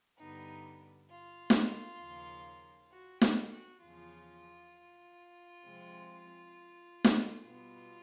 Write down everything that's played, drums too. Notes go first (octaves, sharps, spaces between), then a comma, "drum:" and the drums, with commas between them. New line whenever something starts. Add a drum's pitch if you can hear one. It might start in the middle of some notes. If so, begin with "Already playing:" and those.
G2 D3 G3 B3 D#4
F4
drum: snare
D#2 C#3 F3 A#3
F#4
G4, drum: snare
F#4
E2 C#3 F3 F4
C3 F3 G#3 C4
drum: snare
B2 G3 B3 F4